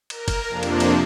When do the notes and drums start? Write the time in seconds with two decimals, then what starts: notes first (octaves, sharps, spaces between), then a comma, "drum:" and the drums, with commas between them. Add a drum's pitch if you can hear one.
0.10 A#4, drum: cymbal
0.28 drum: kick, cymbal
0.48 F2 C3 F3 A#3 D4
0.63 drum: cymbal
0.80 drum: cymbal